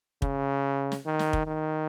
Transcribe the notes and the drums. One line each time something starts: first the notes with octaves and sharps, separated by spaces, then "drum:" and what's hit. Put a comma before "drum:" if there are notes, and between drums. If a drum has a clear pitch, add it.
C#3, drum: kick
drum: snare
D#3
drum: snare
drum: kick
D#3